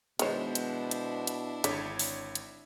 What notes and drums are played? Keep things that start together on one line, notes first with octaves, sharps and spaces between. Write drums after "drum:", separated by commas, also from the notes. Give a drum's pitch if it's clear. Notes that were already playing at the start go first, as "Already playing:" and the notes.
B2 D#3 G#3 B3 D4 E4 C5 C#5, drum: hi-hat
drum: hi-hat
drum: hi-hat
drum: hi-hat
G#1 D3 C#5 B6, drum: hi-hat
drum: open hi-hat
drum: hi-hat